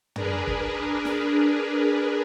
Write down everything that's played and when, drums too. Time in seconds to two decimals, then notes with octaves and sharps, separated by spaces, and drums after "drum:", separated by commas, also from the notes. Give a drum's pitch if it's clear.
0.16 D4 G#4 A#4 B4, drum: tom
0.47 drum: kick
1.05 drum: snare